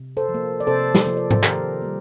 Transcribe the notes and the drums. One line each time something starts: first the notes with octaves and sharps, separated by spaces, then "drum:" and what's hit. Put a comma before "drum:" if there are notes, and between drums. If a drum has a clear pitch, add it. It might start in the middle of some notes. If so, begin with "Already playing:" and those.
Already playing: C3
A4 C5
F3
A#3
D5
C3 A4 C5
drum: snare
F3 A#3
D5
C5, drum: tom G#2
D#3 G4 A#4, drum: clap
G3 A#3